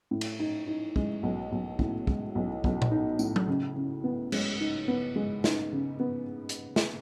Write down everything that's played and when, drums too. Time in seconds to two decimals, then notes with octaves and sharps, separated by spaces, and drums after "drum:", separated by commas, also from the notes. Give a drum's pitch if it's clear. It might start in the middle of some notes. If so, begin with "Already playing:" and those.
0.11 A2
0.21 drum: cymbal
0.40 D#4
0.67 D#4
0.96 G#3, drum: kick
1.23 B1
1.52 B1
1.79 A2, drum: kick
2.07 G#3, drum: kick
2.35 B1
2.64 B1, drum: kick
2.82 drum: tom A#2
2.91 D#4
3.19 A2, drum: tambourine
3.36 drum: tom F#3
3.48 C#3
3.76 C#3
4.04 B3
4.32 G#3, drum: cymbal
4.60 D#4
4.88 B3
5.16 G#3
5.44 D#4, drum: snare
5.72 C#3
6.00 B3
6.49 drum: hi-hat
6.76 drum: snare